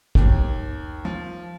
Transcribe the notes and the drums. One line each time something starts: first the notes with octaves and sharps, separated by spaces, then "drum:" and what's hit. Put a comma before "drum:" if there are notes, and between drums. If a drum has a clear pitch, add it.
D#2, drum: kick
F3